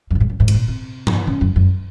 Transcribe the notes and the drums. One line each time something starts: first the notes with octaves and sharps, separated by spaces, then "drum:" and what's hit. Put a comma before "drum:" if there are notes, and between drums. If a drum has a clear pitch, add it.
F#2
A#2
G#2
F#2
G#2
C3, drum: cymbal
A#2
C3
drum: tom G2
C#3
F#2
F#2